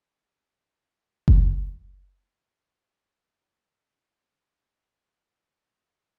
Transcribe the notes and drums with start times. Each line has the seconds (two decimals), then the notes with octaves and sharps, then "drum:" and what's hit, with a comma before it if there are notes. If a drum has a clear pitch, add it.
0.13 F3 C4 F#5 A#5 B5
1.28 drum: kick F#1
3.71 G#3
4.08 C#3
4.78 D3
5.32 B1
5.76 G3